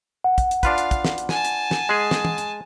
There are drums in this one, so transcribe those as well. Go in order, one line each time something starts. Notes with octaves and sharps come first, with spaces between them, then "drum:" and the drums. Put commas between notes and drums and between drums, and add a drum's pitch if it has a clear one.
F#5
drum: kick, hi-hat
drum: hi-hat
D4 F4 B4 F5, drum: kick, hi-hat
drum: hi-hat
drum: kick, hi-hat
drum: snare
drum: hi-hat
G#5 A5, drum: snare
drum: hi-hat
drum: snare
G#3 G#4
drum: snare
drum: tom
drum: hi-hat